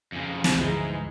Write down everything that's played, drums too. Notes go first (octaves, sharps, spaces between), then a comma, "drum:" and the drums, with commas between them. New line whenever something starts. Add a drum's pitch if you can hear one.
F2 C#3
drum: snare
D2 G#2 E3 F3 G#3 E4